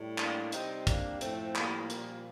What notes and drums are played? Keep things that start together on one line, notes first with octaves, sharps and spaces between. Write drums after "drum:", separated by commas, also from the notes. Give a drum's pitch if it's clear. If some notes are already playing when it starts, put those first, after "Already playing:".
Already playing: A2 G3
A#3 D4, drum: clap
C3 G3 C4 D#4, drum: hi-hat
A#3 D4, drum: kick, hi-hat
A2 F3 A3 C4, drum: hi-hat
G3 A#3, drum: clap
A#2 F3, drum: hi-hat